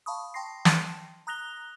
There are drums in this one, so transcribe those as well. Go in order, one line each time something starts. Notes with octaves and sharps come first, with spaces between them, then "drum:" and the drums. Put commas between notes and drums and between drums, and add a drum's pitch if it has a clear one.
F5 A5 B5 C#6 D#6
G5 A5 C6 A#6 C7
drum: snare
A#5 D#6 F#6 A#6 F7 G7